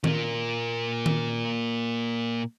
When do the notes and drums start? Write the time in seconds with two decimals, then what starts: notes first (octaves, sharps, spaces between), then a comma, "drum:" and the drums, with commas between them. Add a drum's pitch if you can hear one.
0.04 A#2 A#3, drum: tom D#3
1.06 drum: tom D#3